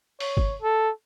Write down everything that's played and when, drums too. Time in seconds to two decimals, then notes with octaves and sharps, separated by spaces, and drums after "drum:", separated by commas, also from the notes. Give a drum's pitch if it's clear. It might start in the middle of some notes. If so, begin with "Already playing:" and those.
0.20 C#5, drum: open hi-hat
0.37 drum: kick G1
0.62 A4